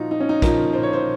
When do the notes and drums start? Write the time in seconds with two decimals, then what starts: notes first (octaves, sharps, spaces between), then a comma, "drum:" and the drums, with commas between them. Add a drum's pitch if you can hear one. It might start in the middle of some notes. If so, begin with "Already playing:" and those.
Already playing: A#2 F3 D#4 F4 F#4
0.11 D#4
0.20 C#4
0.29 D#4
0.42 A#2 F3 A#4, drum: kick A#1, hi-hat
0.73 C5
0.83 C#5
0.93 C5